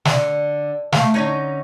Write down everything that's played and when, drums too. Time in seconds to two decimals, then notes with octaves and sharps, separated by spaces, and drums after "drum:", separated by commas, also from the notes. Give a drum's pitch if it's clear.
0.05 D3, drum: snare
0.93 A3 F5, drum: snare
1.14 D3 C#4 D#4